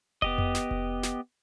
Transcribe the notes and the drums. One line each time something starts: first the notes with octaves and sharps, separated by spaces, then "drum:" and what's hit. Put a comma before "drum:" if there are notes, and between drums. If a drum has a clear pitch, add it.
B3 G4 D#5, drum: kick F1
drum: tom F2
drum: snare
drum: kick F1
drum: snare